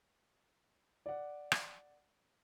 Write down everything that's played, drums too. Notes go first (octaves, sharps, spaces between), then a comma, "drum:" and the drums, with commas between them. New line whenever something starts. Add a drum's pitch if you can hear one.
D5 F#5
drum: rim click